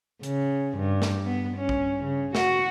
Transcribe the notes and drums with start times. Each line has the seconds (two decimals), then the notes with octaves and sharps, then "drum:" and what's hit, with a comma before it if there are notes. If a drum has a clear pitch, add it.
0.23 C#3, drum: hi-hat
0.77 G2
1.02 drum: snare
1.26 B3
1.57 C#4
1.69 drum: kick
2.03 C#3
2.35 F#4, drum: snare